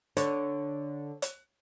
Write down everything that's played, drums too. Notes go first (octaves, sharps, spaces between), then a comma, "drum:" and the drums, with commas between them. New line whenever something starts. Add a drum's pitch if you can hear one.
D3 C#5, drum: hi-hat
drum: hi-hat